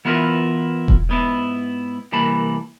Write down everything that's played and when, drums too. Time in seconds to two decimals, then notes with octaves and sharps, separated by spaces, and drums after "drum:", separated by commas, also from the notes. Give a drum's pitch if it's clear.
0.05 E3 B3 E4 F4 A#4 B4
0.88 drum: kick E1
1.09 G#2 B3 E4
2.12 C2 E3 A#3 A5 B5